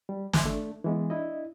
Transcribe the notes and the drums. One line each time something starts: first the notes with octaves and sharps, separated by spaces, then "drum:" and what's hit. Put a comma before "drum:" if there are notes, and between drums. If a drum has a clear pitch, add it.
G3
E5 C6 D6 E6, drum: snare
A3 D4
E3 G#3 B3
D4 E4 D#5